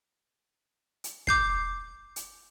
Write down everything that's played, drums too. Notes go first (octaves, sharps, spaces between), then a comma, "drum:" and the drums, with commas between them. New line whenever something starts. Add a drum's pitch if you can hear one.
drum: hi-hat
D6 G6 C7, drum: kick
drum: hi-hat